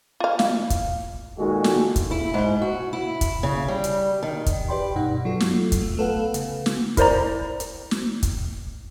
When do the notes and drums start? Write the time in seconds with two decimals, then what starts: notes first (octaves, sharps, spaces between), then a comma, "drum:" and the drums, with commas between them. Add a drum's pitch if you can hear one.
0.20 F4 F5
0.39 drum: snare
0.70 drum: kick, hi-hat
1.39 A#2 D#3 G#3 A#3 F#4 A4
1.64 drum: snare
1.96 drum: kick, hi-hat
2.11 E4
2.34 G#2
2.61 F#4
2.93 E4
3.21 drum: kick, hi-hat
3.43 C#3
3.68 G3
3.84 drum: hi-hat
4.23 D#3
4.46 drum: kick, hi-hat
4.68 G4 B4 D5 G5 B5 C6
4.96 G2 B2 D#4 F#5
5.25 F#3 F4 A4
5.40 drum: snare
5.72 drum: kick, hi-hat
5.81 A3
5.97 A3 B3 A4 B4 F5 F#5
6.34 C#3, drum: hi-hat
6.66 drum: snare
6.97 E4 A#4 C5 D5 A#5, drum: kick, hi-hat
7.60 drum: hi-hat
7.91 drum: snare
8.23 drum: kick, hi-hat